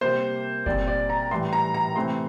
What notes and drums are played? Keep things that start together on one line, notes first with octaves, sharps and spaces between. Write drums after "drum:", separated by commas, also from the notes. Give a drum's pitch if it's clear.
C3 G3 A#3 C5
A#2 G3 C4 D5, drum: kick F#1
D5
A#5
A2 E3 G3 C6
A#5
A#5
C3 E3 A3 C4 C6